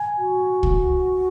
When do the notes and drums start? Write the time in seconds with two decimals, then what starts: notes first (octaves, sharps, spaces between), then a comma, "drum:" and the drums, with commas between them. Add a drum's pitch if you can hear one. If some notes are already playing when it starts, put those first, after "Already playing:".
Already playing: G#5
0.18 F#4
0.63 drum: kick